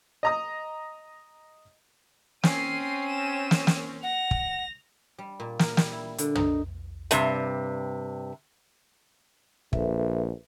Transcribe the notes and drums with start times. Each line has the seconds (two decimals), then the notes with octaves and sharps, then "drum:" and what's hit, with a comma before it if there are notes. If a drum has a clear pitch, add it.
0.23 D#5 A#5 D#6
2.43 C4 C#4 C7 D#7, drum: snare
3.07 D#7 E7
3.51 drum: snare
3.67 drum: snare
4.03 F#5 A#6 F7
4.31 drum: kick
5.18 G3
5.40 A#2
5.59 A#4, drum: snare
5.77 G3, drum: snare
5.92 E4
6.18 D3, drum: hi-hat
6.35 D#4, drum: tom
7.11 G2 C3, drum: hi-hat
9.73 A#1 A4 B4 E5, drum: kick